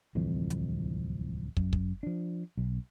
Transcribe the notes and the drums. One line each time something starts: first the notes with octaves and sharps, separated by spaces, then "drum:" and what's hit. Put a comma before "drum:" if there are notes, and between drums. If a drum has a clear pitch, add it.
D1 C2 F2 E3
drum: hi-hat
F#2, drum: kick
drum: kick
F3 D4
B1